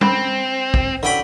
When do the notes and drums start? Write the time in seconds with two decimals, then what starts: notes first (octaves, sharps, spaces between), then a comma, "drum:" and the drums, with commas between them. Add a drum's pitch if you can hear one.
0.01 D3 C4 B5, drum: tom G3
0.74 drum: kick
1.03 D3 F#3 C#4 E4 G5 B5